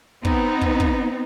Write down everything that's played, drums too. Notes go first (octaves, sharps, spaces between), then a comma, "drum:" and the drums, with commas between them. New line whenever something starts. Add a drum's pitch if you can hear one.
B3 C4 D#4, drum: kick
drum: kick
drum: kick